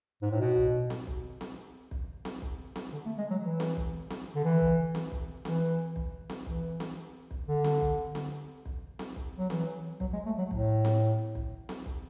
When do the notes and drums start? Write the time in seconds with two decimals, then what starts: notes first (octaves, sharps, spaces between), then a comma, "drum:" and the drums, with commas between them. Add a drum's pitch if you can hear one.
0.22 G#2
0.31 A2
0.39 B2
0.56 drum: kick
0.90 drum: snare C4
1.07 drum: kick
1.41 drum: snare C4
1.91 drum: kick
2.25 drum: snare C4
2.42 drum: kick
2.76 drum: snare C4
2.92 D3
3.05 A3
3.18 G#3
3.30 F#3
3.43 E3
3.60 drum: snare C4
3.77 drum: kick
4.10 drum: snare C4
4.35 D3
4.44 E3
4.61 drum: kick
4.95 drum: snare C4
5.12 drum: kick
5.45 E3, drum: snare C4
5.96 drum: kick
6.30 drum: snare C4
6.46 E3, drum: kick
6.80 drum: snare C4
7.31 drum: kick
7.48 D3
7.64 drum: snare C4
7.81 drum: kick
8.15 drum: snare C4
8.65 drum: kick
8.99 drum: snare C4
9.16 drum: kick
9.38 F#3
9.50 E3, drum: snare C4
10.00 F#3, drum: kick
10.13 G#3
10.26 A3
10.38 F#3
10.51 A2, drum: kick
10.85 drum: snare C4
11.35 drum: kick
11.69 drum: snare C4
11.86 drum: kick